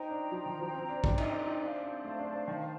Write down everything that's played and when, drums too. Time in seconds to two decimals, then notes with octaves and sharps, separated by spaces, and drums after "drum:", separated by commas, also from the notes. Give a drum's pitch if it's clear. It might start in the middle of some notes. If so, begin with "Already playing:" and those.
Already playing: D#4 F4 C5 G5 A#5
0.10 D4
0.31 F3
0.46 D#3
0.61 F3
0.75 C4
0.89 D4
1.04 D4, drum: kick
1.18 D#4, drum: cymbal
1.32 D4
1.47 D#4
1.61 D4 C5 F5 A5
1.83 C4
2.04 A3
2.19 D4
2.33 D4
2.48 D#3